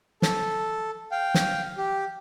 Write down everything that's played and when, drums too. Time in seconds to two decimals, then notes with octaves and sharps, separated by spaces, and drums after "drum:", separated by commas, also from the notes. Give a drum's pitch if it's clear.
0.22 A4, drum: snare
1.12 F5 G5
1.34 drum: snare
1.78 G4